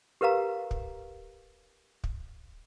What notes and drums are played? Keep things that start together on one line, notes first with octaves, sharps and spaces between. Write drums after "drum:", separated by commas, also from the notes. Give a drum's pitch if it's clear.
G4 A#4 B4 F5 A#5
drum: kick
drum: kick